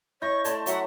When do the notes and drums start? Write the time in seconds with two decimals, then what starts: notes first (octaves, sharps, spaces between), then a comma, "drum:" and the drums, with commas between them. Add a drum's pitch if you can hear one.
0.22 E4 C#5 D#5 C#6 G6 A#6
0.44 A3 D5 A5 C6, drum: hi-hat
0.66 F#3 E5 F#5, drum: hi-hat